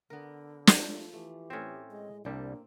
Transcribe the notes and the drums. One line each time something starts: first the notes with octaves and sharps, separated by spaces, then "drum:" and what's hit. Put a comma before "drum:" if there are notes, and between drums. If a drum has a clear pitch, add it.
D3 B3 A#4
drum: snare
F3 A3 D4
E3 A3 G4
A2 C4 C#4 E5
G#3 D#5
C2 G3 A#3 C4 D4